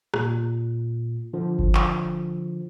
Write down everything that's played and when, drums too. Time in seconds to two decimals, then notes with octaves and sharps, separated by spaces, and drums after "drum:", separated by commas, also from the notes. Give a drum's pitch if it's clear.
0.14 A#2, drum: rim click
1.33 D3 F3
1.59 drum: kick G1
1.75 drum: clap